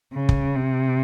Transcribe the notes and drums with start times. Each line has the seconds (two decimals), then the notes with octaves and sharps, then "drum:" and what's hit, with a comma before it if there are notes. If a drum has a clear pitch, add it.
0.14 C#3
0.29 drum: kick
0.56 C3